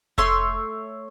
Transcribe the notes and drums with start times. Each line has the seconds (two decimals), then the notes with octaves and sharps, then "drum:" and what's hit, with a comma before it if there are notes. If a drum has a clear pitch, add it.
0.18 A3 C#5 C6, drum: kick F1